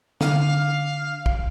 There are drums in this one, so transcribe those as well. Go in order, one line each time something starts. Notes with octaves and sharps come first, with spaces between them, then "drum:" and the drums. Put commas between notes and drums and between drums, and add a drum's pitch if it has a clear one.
D3 F5, drum: snare
drum: kick